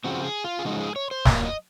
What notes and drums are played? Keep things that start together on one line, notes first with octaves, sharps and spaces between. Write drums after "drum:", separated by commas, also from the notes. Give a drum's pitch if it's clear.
C#3 F3 C4 F#4
F#4
G#4
F4
G#4
C#3 F3 G#3 D#4 F#4
G#4
C#5
C5
A#2 F#3 A#3 D#5, drum: snare
F5
D#5